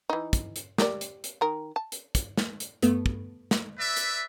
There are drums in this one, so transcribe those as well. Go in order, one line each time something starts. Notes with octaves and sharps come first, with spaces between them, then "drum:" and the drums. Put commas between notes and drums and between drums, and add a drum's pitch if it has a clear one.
E3 D#4
drum: kick, hi-hat
drum: hi-hat
G4 A#4 D5, drum: snare
drum: hi-hat
drum: hi-hat
D#3 A#4
A5
drum: hi-hat
drum: kick, hi-hat
drum: snare
drum: hi-hat
G2 A3 B3, drum: hi-hat
drum: kick
drum: snare
B4 D5 E5
drum: hi-hat